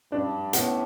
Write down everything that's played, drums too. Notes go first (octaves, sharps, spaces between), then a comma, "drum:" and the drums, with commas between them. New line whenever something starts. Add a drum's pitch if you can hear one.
G2 D4
A2 B3, drum: hi-hat